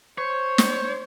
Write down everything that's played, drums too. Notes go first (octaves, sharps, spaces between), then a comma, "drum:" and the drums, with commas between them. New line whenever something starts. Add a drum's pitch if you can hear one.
C5 C#5
drum: snare